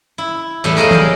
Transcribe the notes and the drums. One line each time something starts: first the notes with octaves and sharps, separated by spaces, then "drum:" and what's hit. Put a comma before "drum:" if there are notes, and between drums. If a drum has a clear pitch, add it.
E4
E2 A2 G3 A3 E5
G#4 A#4 D#5 F5 F#5
F#3 D5 G5, drum: tom